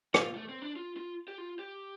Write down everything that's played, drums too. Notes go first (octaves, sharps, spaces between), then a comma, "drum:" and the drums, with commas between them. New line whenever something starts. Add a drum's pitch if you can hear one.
F4, drum: rim click
A3
C4
D4
F4
F4
G4
F4
G4